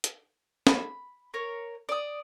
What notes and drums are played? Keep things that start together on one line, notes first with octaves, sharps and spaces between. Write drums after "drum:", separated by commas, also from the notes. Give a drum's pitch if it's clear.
drum: hi-hat
B5, drum: snare
A#4 C#5
D5 D#6